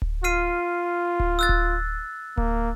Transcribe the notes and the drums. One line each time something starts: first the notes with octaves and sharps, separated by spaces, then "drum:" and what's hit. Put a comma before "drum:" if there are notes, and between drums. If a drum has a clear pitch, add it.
drum: kick D1
F4 F6 C7 D#7
drum: kick D1
E6 F#6 A6
drum: kick D1
A#3, drum: kick D1